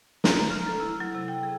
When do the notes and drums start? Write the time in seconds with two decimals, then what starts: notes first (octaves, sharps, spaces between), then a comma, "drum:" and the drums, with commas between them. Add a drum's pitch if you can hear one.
0.24 A#5, drum: snare
0.37 A#5
0.50 F6
0.66 A4
0.80 E4
1.00 F#3
1.15 C3
1.28 G5
1.43 G#4